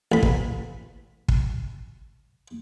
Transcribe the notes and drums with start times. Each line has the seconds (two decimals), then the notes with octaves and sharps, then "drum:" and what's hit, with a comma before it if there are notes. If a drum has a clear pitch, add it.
0.12 A1 B5
0.23 drum: kick
1.28 drum: kick